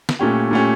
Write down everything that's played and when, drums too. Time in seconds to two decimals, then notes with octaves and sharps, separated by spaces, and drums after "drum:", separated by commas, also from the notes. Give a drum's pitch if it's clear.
0.09 drum: snare
0.19 A#2 A3 C#4 G4
0.51 A#2 A3 C#4 G4